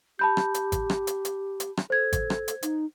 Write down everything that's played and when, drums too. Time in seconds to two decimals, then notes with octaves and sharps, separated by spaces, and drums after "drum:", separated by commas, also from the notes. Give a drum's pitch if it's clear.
0.19 G4 A5 B5 G6
0.37 drum: rim click
0.54 drum: hi-hat
0.72 drum: kick G#1, hi-hat
0.90 drum: rim click
1.07 drum: hi-hat
1.25 drum: hi-hat
1.60 drum: hi-hat
1.77 drum: rim click
1.90 A4 C5 G#6
2.13 drum: kick G#1, hi-hat
2.30 drum: rim click
2.48 drum: hi-hat
2.62 D#4, drum: hi-hat